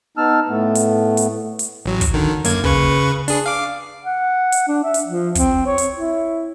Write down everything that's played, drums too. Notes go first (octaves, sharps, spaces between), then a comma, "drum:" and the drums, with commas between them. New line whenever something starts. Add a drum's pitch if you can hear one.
B3 D#4 A5 E6 F6
A2 A3 B3
drum: hi-hat
drum: hi-hat
drum: hi-hat
A1 F#3
drum: kick, hi-hat
D3 D#3
F#2 A#3 G#6, drum: hi-hat
C#3 B4 C#6, drum: kick
D4 G#4, drum: open hi-hat
F5 D6
F#5
drum: hi-hat
D4
E5
drum: hi-hat
F3
C4, drum: kick, hi-hat
C#5
drum: hi-hat
E4